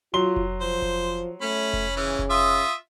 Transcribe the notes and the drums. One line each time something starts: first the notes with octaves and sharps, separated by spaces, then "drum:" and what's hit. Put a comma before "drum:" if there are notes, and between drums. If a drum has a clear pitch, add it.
F#3 F4 C6 G7
drum: kick F1
F3 C5
drum: kick F1
A3 C#4 B5
drum: kick F1
C#3 E3 C#4
drum: kick F1
F4 E5 D#6